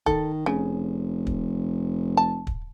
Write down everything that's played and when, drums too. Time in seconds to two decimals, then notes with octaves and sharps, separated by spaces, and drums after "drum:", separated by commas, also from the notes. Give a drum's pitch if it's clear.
0.06 D#3 A4, drum: kick
0.46 F1 C#3
1.27 drum: kick
2.17 A5
2.47 drum: kick